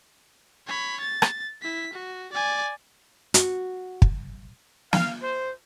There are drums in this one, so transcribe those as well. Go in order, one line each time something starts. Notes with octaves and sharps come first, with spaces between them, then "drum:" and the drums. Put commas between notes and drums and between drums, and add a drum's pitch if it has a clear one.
C#5 B5
A6
drum: rim click
E4 B6
F#4
D5 G#5
F#4, drum: hi-hat
drum: kick
F5, drum: snare
C5